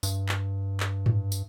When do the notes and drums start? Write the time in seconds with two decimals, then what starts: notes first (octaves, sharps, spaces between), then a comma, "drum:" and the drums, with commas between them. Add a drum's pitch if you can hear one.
0.03 G2, drum: tambourine
0.29 drum: clap
0.80 drum: clap
1.06 drum: tom G#2
1.32 drum: tambourine